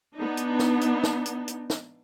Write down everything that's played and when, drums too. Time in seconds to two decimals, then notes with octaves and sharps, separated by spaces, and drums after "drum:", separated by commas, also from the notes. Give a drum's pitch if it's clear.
0.15 B3 D4 D#4
0.37 drum: hi-hat
0.59 drum: snare
0.81 drum: hi-hat
1.03 drum: snare
1.26 drum: hi-hat
1.48 drum: hi-hat
1.70 drum: snare